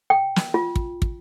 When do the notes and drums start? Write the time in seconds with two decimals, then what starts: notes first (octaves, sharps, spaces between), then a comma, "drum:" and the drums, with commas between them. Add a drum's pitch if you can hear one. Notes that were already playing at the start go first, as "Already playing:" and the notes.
0.10 G5
0.36 drum: snare
0.54 F4
0.76 drum: kick
1.02 drum: kick